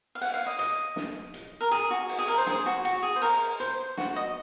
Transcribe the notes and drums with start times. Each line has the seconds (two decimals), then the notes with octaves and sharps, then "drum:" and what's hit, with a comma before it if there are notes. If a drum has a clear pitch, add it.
0.15 F5
0.21 F#5, drum: open hi-hat
0.34 F5
0.47 D#5
0.59 D#5, drum: hi-hat
0.96 drum: snare
1.34 drum: hi-hat
1.61 A#4
1.71 G#4, drum: hi-hat
1.91 F#4
2.09 drum: open hi-hat
2.19 G#4
2.28 A#4
2.38 C5
2.47 G#4, drum: snare
2.66 F#4
2.85 F#4, drum: hi-hat
3.02 G#4
3.16 C5
3.22 A#4, drum: open hi-hat
3.60 C5, drum: hi-hat
3.97 F#4, drum: snare
4.16 D#5